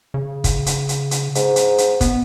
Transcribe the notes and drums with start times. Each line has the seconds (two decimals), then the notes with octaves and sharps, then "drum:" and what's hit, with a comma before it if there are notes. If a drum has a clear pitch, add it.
0.14 C#3
0.44 drum: kick, hi-hat
0.66 drum: hi-hat
0.89 drum: hi-hat
1.11 drum: hi-hat
1.35 G#2, drum: hi-hat
1.56 drum: hi-hat
1.78 drum: hi-hat
2.01 B3, drum: kick, hi-hat